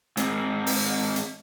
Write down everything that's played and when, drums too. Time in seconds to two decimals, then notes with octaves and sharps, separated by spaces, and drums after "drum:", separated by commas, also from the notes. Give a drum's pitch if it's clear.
0.17 G#2 C4, drum: hi-hat
0.67 drum: open hi-hat
1.16 drum: hi-hat